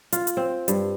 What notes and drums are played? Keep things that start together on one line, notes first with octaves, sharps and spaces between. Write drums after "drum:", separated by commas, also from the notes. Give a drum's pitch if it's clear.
F4, drum: hi-hat
drum: hi-hat
C4
G2, drum: hi-hat